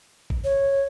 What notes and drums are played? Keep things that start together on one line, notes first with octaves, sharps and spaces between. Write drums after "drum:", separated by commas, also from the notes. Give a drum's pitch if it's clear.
drum: kick A1
C#5